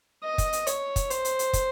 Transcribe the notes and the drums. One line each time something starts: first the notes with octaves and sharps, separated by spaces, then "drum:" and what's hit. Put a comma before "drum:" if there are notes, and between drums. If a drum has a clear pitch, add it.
D#5
drum: kick, hi-hat
drum: hi-hat
C#5, drum: hi-hat
drum: kick, hi-hat
C5, drum: hi-hat
drum: hi-hat
drum: hi-hat
drum: kick, hi-hat